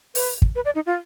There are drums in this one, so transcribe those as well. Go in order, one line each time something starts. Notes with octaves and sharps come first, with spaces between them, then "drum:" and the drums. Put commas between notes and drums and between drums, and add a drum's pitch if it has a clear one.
B4, drum: open hi-hat
drum: kick
B4
D5
D#4
F4